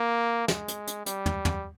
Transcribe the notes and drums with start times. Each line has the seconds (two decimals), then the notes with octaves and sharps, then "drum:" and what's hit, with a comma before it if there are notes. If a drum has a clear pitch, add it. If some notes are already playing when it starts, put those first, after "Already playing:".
Already playing: A#3
0.48 G#3, drum: snare
0.68 drum: hi-hat
0.87 drum: hi-hat
1.06 G3, drum: hi-hat
1.26 drum: tom
1.45 drum: tom